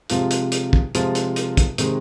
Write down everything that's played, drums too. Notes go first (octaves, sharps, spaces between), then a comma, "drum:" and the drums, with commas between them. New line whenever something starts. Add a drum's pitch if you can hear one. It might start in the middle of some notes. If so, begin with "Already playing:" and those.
C3 F3 G#3 F4, drum: hi-hat
drum: hi-hat
drum: hi-hat
drum: kick
C3 F3 G#3 F4, drum: hi-hat
drum: hi-hat
drum: hi-hat
drum: kick, hi-hat
C3 D#3 G#3, drum: hi-hat